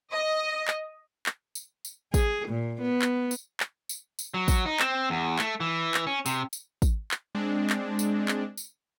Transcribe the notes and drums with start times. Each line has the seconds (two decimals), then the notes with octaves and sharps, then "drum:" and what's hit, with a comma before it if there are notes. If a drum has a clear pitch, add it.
0.13 D#5
0.68 drum: clap
1.26 drum: clap
1.55 drum: tambourine
1.85 drum: tambourine
2.14 G#4, drum: kick, tambourine
2.49 A#2
2.81 B3
3.02 drum: clap
3.31 drum: tambourine
3.60 drum: clap
3.89 drum: tambourine
4.19 drum: tambourine
4.34 F#3
4.48 drum: kick, tambourine
4.66 D#4
4.80 C4, drum: clap
5.10 E2
5.39 A3, drum: clap
5.60 E3
5.94 drum: clap
6.07 C#4
6.26 C3, drum: tambourine
6.53 drum: tambourine
6.82 drum: kick, tambourine
7.11 drum: clap
7.35 G#3 C4 D4
7.70 drum: clap
7.99 drum: tambourine
8.28 drum: clap
8.57 drum: tambourine